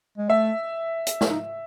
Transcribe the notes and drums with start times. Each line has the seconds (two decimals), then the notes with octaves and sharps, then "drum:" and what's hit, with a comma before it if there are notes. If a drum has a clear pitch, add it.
0.18 G#3
0.29 A3 E5
1.07 drum: hi-hat
1.21 drum: snare
1.30 D#4